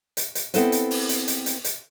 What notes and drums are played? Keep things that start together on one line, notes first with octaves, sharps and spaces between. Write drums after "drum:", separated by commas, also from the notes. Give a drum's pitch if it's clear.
drum: hi-hat
drum: hi-hat
B3 C4 E4 A4 B4 C5, drum: hi-hat
drum: hi-hat
drum: open hi-hat
drum: hi-hat
drum: hi-hat
drum: hi-hat
drum: hi-hat